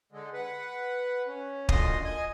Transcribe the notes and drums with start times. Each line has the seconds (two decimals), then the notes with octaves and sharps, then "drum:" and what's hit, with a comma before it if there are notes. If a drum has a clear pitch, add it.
0.12 D3 G#3
0.34 B4 F#5
1.27 C#4
1.69 F#2 A#2 D3 D#5 C6 D#6, drum: kick
2.04 D#5 G#5